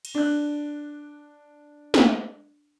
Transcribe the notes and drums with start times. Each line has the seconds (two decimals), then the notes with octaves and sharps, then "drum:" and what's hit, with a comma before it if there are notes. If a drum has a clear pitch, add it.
0.05 drum: cymbal
0.15 D4 F#6
1.94 drum: snare